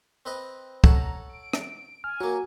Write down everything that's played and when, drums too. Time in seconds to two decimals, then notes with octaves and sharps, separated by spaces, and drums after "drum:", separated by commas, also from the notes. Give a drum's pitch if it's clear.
0.26 C4 B4 D#5
0.84 A4 C#5 F#5 A#5, drum: kick
1.29 D7
1.53 drum: rim click
2.04 G#5 F6
2.21 F#3 A#3 F#4